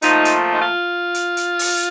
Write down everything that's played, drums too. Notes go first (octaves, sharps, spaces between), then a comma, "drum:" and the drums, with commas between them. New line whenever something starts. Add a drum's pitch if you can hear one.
A#2 F3 A3 D#4, drum: hi-hat
drum: hi-hat
D#4
F4
drum: hi-hat
drum: hi-hat
drum: open hi-hat